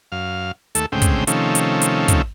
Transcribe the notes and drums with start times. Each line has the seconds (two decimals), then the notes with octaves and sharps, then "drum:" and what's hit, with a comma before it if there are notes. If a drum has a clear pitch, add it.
0.12 F#2 F5
0.75 D#2 A3 A4, drum: hi-hat
0.92 D2 A2 C#3 G#3 C4 G5
1.02 drum: kick, hi-hat
1.27 C3 D#3 F3 A3 C#4, drum: hi-hat
1.55 drum: hi-hat
1.82 drum: hi-hat
2.08 drum: kick, hi-hat